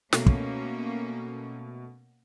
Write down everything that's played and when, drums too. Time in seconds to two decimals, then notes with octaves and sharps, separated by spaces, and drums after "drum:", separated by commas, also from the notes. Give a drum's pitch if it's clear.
0.13 B2 A3 A#3 C#4, drum: snare
0.26 drum: kick